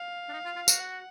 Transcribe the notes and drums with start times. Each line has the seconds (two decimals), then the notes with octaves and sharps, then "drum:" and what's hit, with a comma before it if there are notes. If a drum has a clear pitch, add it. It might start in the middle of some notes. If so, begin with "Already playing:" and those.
Already playing: F5
0.29 D4
0.33 D#4
0.45 F4
0.56 F4
0.68 F#4, drum: tambourine
0.80 F#5